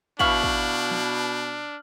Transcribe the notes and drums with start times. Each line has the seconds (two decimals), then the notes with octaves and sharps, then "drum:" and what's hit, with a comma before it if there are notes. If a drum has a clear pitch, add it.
0.19 B2 D4 E4 F5 C#6 F6 F#7, drum: kick
0.43 drum: kick
0.91 drum: snare